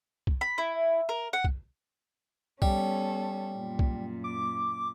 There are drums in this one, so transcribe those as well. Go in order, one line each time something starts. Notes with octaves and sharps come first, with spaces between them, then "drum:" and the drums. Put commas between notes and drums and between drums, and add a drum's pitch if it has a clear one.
drum: kick
B5
E4
A#4
F#5
drum: kick
G3 B3 C#4 A4, drum: kick
F#2 A#2
drum: kick
D6